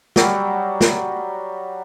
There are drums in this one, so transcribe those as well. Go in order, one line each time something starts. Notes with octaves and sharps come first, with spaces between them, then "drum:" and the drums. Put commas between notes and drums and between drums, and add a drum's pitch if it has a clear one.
F#3 G3, drum: snare
drum: snare